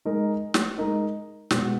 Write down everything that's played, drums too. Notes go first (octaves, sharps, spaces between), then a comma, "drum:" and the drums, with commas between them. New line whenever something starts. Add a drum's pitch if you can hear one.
G#3 D#4 A#4 D#5
drum: snare
G#3 D#4 A#4 D#5
B2 G#3 B3 F#4, drum: snare